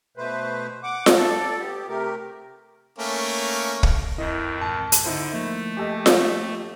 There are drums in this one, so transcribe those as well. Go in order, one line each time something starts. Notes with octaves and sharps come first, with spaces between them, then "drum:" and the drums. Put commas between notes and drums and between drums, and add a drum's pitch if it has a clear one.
B2 A3 B4 C5
F#5 D6
drum: snare F4
A4 D5
B3 G4
C3 A3 G4 A#4
A3 A#3 C#4
drum: kick
F2 D#3 E4 D#5
C#2 G#2 A5
drum: hi-hat
D3 D#4 E4 C5
F3 A3 A#3
G4 A4 D#5
drum: snare F4